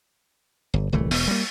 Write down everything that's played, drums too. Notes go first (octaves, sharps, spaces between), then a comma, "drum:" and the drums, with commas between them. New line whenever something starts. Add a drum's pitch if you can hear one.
G1
D1 C2 E3 A3
E1 B3, drum: open hi-hat
G3 A#3